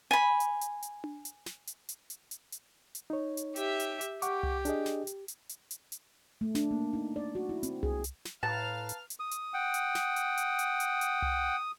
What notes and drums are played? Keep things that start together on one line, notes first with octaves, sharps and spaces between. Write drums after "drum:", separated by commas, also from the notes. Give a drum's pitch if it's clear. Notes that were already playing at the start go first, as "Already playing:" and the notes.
G#5 B5
drum: hi-hat
drum: hi-hat
drum: hi-hat
drum: tom D4
drum: hi-hat
drum: snare
drum: hi-hat
drum: hi-hat
drum: hi-hat
drum: hi-hat
drum: hi-hat
drum: hi-hat
D#4 C#5
drum: hi-hat
G4 E5, drum: hi-hat
drum: hi-hat
drum: hi-hat
G4 F#5 C#6 D6, drum: hi-hat
drum: tom C2
D4 G#4 D#5, drum: hi-hat
drum: snare
drum: hi-hat
drum: hi-hat
drum: hi-hat
drum: hi-hat
drum: hi-hat
A3
D4, drum: snare
A#3
D#4
D5
F#4
E4
C4, drum: hi-hat
G#4, drum: tom C2
drum: hi-hat
drum: snare
A2 B4 F5 A5 A#5 F6
drum: hi-hat
drum: hi-hat
D#6
drum: hi-hat
F#5 G5
drum: hi-hat
drum: snare
drum: hi-hat
drum: hi-hat
drum: hi-hat
drum: hi-hat
drum: hi-hat
drum: tom C2